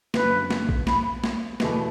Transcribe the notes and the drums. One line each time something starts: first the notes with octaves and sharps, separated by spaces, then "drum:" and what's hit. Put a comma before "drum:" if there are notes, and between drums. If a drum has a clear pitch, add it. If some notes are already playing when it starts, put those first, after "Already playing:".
F#1 F#2 D3 B4, drum: snare
drum: snare
drum: kick A#1
B5, drum: snare
drum: snare
E2 B2 A3 E4 B4, drum: snare